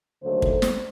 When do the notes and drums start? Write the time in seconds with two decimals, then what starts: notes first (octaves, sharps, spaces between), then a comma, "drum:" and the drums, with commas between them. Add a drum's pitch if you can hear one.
0.22 D#2 D3 F#3 A3 C5
0.42 drum: kick
0.62 drum: snare